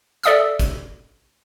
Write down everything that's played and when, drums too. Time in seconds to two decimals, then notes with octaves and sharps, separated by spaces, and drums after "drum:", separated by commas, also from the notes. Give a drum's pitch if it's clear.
0.23 A4 D5 E5 D#6 E6, drum: hi-hat
0.59 drum: kick, hi-hat